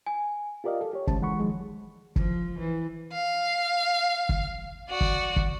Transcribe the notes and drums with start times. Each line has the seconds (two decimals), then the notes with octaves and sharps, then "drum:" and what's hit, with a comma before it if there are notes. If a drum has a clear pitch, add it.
0.06 G#5
0.64 F4 G4 A#4 D5 D#5 F5
0.81 A4
0.93 G4 C#5
1.07 C#3 G#3 C#4 C5 A5, drum: kick
1.21 E3 G#3 F#5 B5 C#6
1.40 D#3 F3 F#3 G#3
2.16 F3, drum: kick
2.59 E3
3.13 F5
4.29 drum: kick
4.90 F#4 D5
5.01 drum: kick
5.36 drum: kick